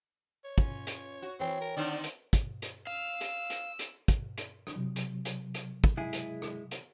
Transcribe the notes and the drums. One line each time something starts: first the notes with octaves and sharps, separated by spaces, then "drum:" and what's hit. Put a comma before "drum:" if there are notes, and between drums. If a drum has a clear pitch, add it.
C#5
C#4 F4, drum: kick
drum: hi-hat
F#4
E3 C4 C#5 G5
A#4
D3 D#3 C4 D5
drum: hi-hat
drum: kick, hi-hat
drum: hi-hat
F5 E6
drum: hi-hat
drum: hi-hat
drum: hi-hat
drum: kick, hi-hat
drum: hi-hat
drum: rim click
C3 F#3
drum: hi-hat
drum: hi-hat
drum: hi-hat
drum: kick
G#3 E4 G#4
drum: hi-hat
drum: rim click
drum: hi-hat